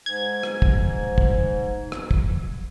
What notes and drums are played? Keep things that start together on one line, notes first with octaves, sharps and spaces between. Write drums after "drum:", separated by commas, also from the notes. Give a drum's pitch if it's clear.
G#2 G#6
drum: rim click
drum: kick
drum: kick
drum: rim click
drum: kick